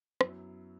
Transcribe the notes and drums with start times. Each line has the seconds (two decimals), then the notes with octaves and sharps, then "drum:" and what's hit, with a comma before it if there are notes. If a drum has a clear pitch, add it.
0.21 F#2 F#3 B3 E4, drum: rim click